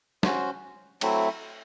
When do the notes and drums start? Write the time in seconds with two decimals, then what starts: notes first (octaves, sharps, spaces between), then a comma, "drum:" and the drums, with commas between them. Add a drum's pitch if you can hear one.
0.23 C#4 F#4 C5, drum: snare
1.01 F#3 A3 C4 E4, drum: cymbal